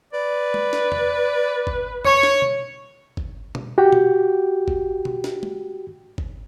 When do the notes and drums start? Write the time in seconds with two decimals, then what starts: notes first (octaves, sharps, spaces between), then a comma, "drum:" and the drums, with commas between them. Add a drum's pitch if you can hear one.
0.13 B4 D5
0.54 drum: tom G#3
0.73 drum: snare
0.92 drum: tom E2
1.67 drum: kick G1
2.05 C#5, drum: tom E2
2.23 drum: snare
2.42 drum: tom B2
3.17 drum: kick G1
3.55 drum: tom B2
3.78 F#4 G4 G5
3.92 drum: tom B2
4.68 drum: kick G1
5.05 drum: tom B2
5.24 drum: snare
5.43 drum: tom G#3
6.18 drum: kick G1